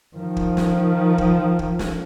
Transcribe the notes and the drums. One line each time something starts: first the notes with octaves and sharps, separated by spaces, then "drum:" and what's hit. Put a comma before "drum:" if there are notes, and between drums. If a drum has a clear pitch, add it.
D#3 F3
drum: kick
drum: snare
drum: kick
drum: kick
drum: snare